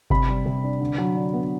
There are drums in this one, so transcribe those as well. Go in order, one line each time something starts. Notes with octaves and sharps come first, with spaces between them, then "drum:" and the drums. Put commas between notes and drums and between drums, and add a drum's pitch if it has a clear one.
C3 B5, drum: kick G1
G3
C3
D4
D3
F#3
D3
B3